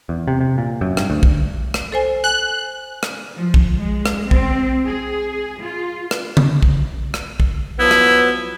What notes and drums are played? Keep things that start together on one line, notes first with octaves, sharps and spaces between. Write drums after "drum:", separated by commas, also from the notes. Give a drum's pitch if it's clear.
E2
C3
C3
A#2
F#2
G2, drum: rim click
D2
drum: kick B1
drum: rim click
A4 C5 G#5
G#5 F#6
drum: rim click
F3
drum: kick B1
G#3
drum: rim click
C4, drum: kick B1
G#4
F4
drum: rim click
drum: tom C#3
drum: kick B1
drum: rim click
drum: kick B1
F3 F#3 B3 E4
drum: rim click